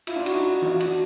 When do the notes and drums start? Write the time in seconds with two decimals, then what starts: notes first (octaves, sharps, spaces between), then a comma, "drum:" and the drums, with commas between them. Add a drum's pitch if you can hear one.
0.07 E4 F4, drum: cymbal
0.16 D4
0.26 E4 F#4, drum: cymbal
0.35 D#4
0.62 drum: tom E3
0.72 F4
0.80 D4 F#4, drum: cymbal